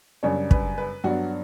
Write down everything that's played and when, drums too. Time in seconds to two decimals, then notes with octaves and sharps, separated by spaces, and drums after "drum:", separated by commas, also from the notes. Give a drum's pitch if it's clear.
0.23 F#2 C#3 G3 D4 C#5
0.51 B4, drum: kick
0.78 B4
1.04 G2 F#3 B3 D4 F#4